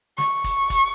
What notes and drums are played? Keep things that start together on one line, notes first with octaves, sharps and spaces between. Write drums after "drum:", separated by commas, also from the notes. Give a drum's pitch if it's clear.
C#6, drum: snare
drum: kick, hi-hat
drum: kick, hi-hat